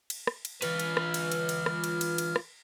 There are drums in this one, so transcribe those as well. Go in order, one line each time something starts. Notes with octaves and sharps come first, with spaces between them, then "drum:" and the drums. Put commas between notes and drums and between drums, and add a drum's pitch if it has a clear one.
drum: cymbal
drum: rim click
drum: cymbal
E3 F4 B4 F6, drum: cymbal
drum: cymbal
drum: rim click
drum: cymbal
drum: cymbal
drum: cymbal
drum: rim click
drum: cymbal
drum: cymbal
drum: cymbal
drum: rim click